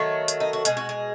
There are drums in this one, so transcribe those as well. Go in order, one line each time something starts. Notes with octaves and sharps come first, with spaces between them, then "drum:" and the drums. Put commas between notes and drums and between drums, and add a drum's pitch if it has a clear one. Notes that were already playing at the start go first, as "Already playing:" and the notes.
Already playing: D#3 F#3 A3
drum: hi-hat
D#4
F#4
B2 G#3 G#4, drum: hi-hat
F#4
G#4